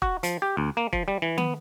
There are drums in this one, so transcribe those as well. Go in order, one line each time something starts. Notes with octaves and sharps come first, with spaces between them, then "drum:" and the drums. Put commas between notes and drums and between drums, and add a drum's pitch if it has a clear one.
F#4, drum: kick
F3, drum: hi-hat
G4
D2
A#3
F3, drum: kick
G3
E3
B3, drum: tom